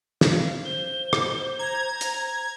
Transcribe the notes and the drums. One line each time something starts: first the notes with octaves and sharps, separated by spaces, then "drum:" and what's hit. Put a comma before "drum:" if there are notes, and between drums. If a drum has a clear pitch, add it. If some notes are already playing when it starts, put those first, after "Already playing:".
F5, drum: snare
C5 G7
drum: rim click
A#5 G#6
drum: hi-hat